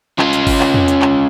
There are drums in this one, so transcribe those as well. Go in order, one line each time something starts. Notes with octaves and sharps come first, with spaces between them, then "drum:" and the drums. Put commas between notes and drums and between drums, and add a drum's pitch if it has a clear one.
C#4 F4, drum: clap
drum: hi-hat
drum: kick G#1, open hi-hat
drum: clap
drum: tom E2
drum: hi-hat
drum: clap